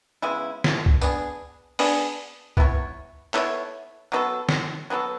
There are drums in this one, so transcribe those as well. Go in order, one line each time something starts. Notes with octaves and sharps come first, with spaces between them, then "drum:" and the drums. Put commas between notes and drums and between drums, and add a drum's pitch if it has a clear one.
C#3 G#3 B3 E4
drum: snare
drum: kick
B3 D4 G#4, drum: tambourine
B3 D4 G#4, drum: open hi-hat
B3 E4 A4 C#5, drum: kick
B3 E4 A4 C#5, drum: clap
F#3 B3 F#4 A4
drum: snare
F#3 B3 F#4 A4